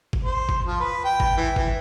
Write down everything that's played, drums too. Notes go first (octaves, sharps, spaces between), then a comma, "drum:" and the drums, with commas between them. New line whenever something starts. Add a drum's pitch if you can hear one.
drum: kick
C5
drum: kick
F3
B4
G5
drum: kick
E3
E3, drum: kick